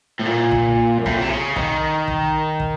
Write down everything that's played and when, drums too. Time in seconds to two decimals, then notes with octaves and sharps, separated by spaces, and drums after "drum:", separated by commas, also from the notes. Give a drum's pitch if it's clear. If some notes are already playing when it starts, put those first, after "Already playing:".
0.19 A2
0.26 A#2
0.52 drum: kick
0.98 F#2
1.06 A2, drum: kick
1.14 A#2
1.22 C3
1.29 C#3
1.56 D#3, drum: kick
2.08 drum: kick
2.60 drum: kick